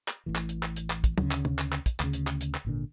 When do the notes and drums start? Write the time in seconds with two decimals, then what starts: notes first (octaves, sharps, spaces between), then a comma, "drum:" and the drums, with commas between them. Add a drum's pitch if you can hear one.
0.08 drum: clap
0.26 A1 A2 E3
0.35 drum: clap
0.49 drum: hi-hat
0.63 drum: clap
0.76 drum: hi-hat
0.90 drum: clap
1.04 drum: kick, hi-hat
1.18 D2 C#3, drum: tom
1.31 drum: clap
1.45 drum: tom
1.59 drum: clap
1.72 drum: clap
1.86 drum: kick, hi-hat
2.00 D2 C#3, drum: clap
2.13 drum: hi-hat
2.27 drum: clap
2.41 drum: hi-hat
2.54 drum: clap
2.65 G#1 A#2 D3